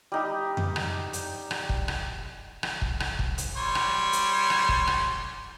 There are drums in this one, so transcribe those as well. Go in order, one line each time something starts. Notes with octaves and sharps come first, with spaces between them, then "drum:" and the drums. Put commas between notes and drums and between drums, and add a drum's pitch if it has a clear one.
G3 D#4 G4
drum: tom F2
drum: rim click
drum: hi-hat
drum: rim click
drum: kick
drum: rim click
drum: rim click
drum: kick
drum: rim click
drum: kick
drum: hi-hat
G3 C#5 C6
drum: rim click
drum: hi-hat
drum: rim click
drum: kick
drum: rim click